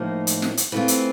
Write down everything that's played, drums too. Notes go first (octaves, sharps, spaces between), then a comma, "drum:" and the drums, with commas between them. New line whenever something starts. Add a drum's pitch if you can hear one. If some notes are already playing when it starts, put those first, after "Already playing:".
Already playing: A2 F3 A#3 D#4
drum: hi-hat
drum: snare
drum: hi-hat
E3 A3 C4 F4
drum: hi-hat